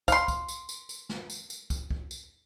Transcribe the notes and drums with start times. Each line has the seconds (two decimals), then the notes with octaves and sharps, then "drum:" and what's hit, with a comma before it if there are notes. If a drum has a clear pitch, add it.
0.08 F5 C6, drum: kick, tambourine
0.28 drum: kick, tambourine
0.49 drum: tambourine
0.69 drum: tambourine
0.89 drum: tambourine
1.09 drum: snare
1.30 drum: tambourine
1.50 drum: tambourine
1.70 drum: kick, tambourine
1.91 drum: kick
2.11 drum: tambourine